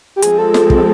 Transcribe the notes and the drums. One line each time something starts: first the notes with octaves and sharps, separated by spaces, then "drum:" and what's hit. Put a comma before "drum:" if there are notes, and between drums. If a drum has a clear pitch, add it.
G4
F3 G#3 C4 G#4, drum: hi-hat
A4
drum: snare
drum: kick